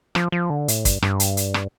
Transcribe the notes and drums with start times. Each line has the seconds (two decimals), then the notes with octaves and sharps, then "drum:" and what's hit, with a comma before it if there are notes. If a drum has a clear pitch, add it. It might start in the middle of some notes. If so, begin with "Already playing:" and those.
0.15 F3, drum: rim click
0.32 F3
0.50 D3
0.68 A2, drum: hi-hat
0.85 G2, drum: kick, hi-hat
1.02 G2, drum: rim click
1.20 drum: hi-hat
1.37 drum: hi-hat
1.54 drum: rim click